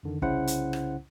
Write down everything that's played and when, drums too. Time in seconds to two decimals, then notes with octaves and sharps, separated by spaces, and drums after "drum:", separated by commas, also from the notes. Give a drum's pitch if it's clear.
0.03 F2 D3 D#3
0.22 C2 C#3 C#4 E4 C5 F#5, drum: kick
0.47 drum: hi-hat
0.73 drum: rim click